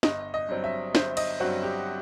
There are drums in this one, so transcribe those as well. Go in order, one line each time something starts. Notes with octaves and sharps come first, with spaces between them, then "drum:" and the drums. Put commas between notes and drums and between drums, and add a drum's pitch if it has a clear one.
G1 D#5, drum: snare
D#5
G2 F#3 C4
E5
G1 C5, drum: snare
D#5, drum: cymbal
G2 F#3 C4 F#4
G4